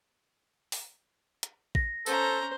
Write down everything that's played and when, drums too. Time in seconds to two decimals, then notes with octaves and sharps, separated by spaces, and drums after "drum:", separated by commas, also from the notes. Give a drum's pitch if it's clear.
0.72 drum: open hi-hat
1.43 drum: hi-hat
1.75 A#6, drum: kick
2.06 C#4 A4 C5 A#5, drum: tambourine